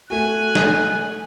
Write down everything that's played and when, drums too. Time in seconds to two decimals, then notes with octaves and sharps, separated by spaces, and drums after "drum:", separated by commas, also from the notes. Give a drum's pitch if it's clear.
0.10 A3 F#4 G#5 F#6
0.55 drum: snare